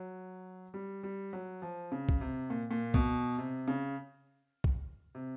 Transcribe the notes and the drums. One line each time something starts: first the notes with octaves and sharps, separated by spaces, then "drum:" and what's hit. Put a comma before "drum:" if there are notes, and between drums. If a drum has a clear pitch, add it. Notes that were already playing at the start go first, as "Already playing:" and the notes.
Already playing: F#3
G3
G3
F#3
F3
C#3
drum: kick B1
C3
A#2
A#2
B2, drum: kick B1
C3
C#3
drum: kick B1
C3